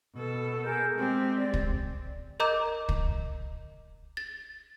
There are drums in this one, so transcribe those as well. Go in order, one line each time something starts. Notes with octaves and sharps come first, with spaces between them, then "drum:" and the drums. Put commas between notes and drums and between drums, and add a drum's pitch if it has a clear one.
B2 A4
G#4 A#4 G6
G#3 C4 G4
D5
drum: kick
A#4 D#5 A#5 D6 G6
drum: kick
A6